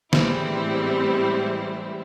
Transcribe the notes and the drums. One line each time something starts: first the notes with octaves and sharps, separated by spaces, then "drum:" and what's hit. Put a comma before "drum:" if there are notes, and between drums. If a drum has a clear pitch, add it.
A2 E3 G3 G#3 C4 E4, drum: snare